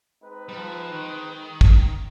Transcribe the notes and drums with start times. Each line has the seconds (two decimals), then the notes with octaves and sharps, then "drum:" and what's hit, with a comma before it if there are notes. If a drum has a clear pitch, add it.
0.23 G#3 C4 D#4 B4
0.49 G3
0.57 F3
0.91 D#3
1.61 drum: kick